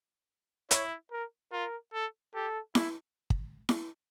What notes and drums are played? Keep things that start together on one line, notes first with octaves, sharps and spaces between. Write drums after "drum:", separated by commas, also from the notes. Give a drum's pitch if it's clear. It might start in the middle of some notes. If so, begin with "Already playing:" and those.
E4 C#5, drum: hi-hat
A#4
F4 A#4
A4
G4 A4
E4, drum: snare E4
drum: kick
drum: snare E4